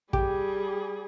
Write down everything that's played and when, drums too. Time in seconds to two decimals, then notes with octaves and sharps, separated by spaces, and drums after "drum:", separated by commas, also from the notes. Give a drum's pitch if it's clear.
0.13 G3 G4 G#4, drum: kick